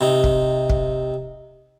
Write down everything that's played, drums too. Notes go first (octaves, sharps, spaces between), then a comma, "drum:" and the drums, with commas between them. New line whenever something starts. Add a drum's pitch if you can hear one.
C3 D#4
drum: kick
drum: kick